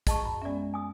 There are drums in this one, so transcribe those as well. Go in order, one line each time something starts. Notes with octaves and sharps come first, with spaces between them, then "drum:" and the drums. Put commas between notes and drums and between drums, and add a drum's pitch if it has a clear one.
G#4 D#5 A5 C#6, drum: kick, hi-hat
F#2 B5
G#3 B3 C#4 D5 E5
G#5 D#6